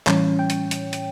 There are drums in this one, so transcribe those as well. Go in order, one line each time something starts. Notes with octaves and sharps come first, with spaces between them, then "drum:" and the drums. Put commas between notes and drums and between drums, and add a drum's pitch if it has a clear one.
A2 E3 G3 C#4 C#5, drum: clap
G5
drum: hi-hat
drum: hi-hat
drum: hi-hat